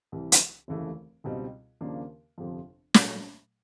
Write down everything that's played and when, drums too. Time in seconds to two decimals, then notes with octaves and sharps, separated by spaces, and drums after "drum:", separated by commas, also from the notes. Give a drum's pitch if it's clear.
0.12 C2 C3 E3
0.32 drum: hi-hat
0.68 F1 D#2 C#3 E3 A3
1.24 C#2 B2 G3 C4 D#4
1.81 D#2 C#3 F3 A#3 D4
2.38 G1 F2 C3 F3
2.94 A#2 F#3 A3, drum: snare